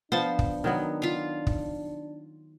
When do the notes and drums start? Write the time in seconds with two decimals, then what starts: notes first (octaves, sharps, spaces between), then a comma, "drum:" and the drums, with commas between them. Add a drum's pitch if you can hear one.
0.12 F3 B3 D4 C5 A5
0.39 drum: kick
0.64 D#3 F#3 B3
1.02 F4 F5
1.47 drum: kick